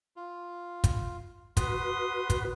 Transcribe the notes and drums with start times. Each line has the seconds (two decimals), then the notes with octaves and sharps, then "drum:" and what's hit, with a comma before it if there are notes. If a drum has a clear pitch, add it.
0.16 F4
0.84 drum: kick, hi-hat
1.57 F#4 B4 C6 D#6, drum: kick, hi-hat
2.30 drum: kick, hi-hat